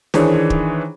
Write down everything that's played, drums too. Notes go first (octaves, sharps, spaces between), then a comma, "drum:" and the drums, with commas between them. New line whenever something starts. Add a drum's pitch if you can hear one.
D#3 E3 D4 G#4 C5 C#5, drum: snare
drum: kick